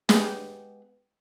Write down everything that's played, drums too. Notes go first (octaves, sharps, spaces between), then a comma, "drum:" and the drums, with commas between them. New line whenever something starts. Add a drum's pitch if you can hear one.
G#3 B3 G4, drum: snare